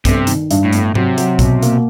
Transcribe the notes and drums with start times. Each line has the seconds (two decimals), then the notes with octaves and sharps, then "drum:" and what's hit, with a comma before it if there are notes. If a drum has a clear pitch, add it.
0.05 G1 C3, drum: kick, hi-hat
0.27 D#3, drum: hi-hat
0.51 G2, drum: hi-hat
0.64 A2
0.73 G1, drum: hi-hat
0.95 C3 F#3, drum: tom G#2
1.18 F#3, drum: hi-hat
1.39 B2, drum: kick, hi-hat
1.63 A#3, drum: hi-hat